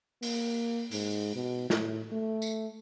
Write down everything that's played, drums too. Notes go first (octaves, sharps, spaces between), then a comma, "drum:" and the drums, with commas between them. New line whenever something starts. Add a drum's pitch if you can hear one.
A#3, drum: open hi-hat
G#2, drum: open hi-hat
B2
A2, drum: snare
A3
drum: tambourine